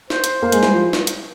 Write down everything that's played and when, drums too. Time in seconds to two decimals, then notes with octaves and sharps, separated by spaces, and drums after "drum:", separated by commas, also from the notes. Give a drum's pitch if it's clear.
0.10 C5, drum: snare
0.24 drum: hi-hat
0.42 A#3
0.52 G#3, drum: hi-hat
0.63 G3, drum: snare
0.74 F3
0.93 drum: snare
1.07 drum: hi-hat